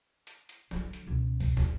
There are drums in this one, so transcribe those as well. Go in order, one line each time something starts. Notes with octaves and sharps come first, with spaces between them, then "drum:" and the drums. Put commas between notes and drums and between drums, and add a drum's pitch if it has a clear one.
drum: hi-hat
drum: hi-hat
D3 F#3, drum: snare
drum: hi-hat
C#2 B2
B2, drum: kick C2, open hi-hat
G#1 D#2, drum: snare